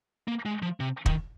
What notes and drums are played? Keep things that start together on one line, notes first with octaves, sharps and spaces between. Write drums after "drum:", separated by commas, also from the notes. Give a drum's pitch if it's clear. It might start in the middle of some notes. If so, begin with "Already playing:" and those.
A#3
G#3
F3
C3
D#3, drum: kick